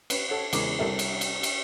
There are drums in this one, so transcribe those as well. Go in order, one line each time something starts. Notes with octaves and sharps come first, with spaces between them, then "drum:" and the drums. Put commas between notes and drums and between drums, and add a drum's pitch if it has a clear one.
C#4 B4, drum: cymbal
A4 C#5 F#5
E2 C#3 G#3 A#4 D6, drum: cymbal
C2 A4 A#4 E5
drum: cymbal
drum: cymbal
drum: cymbal